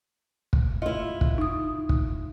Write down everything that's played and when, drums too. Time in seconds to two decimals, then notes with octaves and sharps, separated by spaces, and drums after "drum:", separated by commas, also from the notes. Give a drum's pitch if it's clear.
0.53 drum: kick
0.82 E4 F4 D#5
1.21 drum: kick
1.38 D#4 D#6
1.89 drum: kick